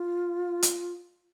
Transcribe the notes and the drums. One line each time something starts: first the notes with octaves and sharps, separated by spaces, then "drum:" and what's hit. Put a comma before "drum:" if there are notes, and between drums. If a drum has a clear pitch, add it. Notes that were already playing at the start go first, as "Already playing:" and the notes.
Already playing: F4
drum: hi-hat